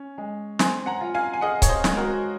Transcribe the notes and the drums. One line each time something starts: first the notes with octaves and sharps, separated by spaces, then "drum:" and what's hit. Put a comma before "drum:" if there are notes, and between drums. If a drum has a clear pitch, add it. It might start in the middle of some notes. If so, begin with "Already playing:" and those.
Already playing: C#4
G#3
C4 G#5 C6, drum: snare
F#5 A#5
F4
F5 G#5
G#5
G#4 D#5 F#5
C#5, drum: kick C#1, hi-hat
C5 D#5
G#3, drum: snare
F#4 A#4